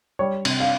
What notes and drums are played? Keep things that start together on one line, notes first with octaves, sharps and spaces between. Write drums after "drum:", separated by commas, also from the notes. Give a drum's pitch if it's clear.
G3 C#5
C3, drum: cymbal
F5